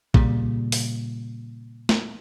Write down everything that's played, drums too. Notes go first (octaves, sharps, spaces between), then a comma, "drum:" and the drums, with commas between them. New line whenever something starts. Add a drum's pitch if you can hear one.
A#2 C#3 G3, drum: kick A1
drum: open hi-hat
drum: snare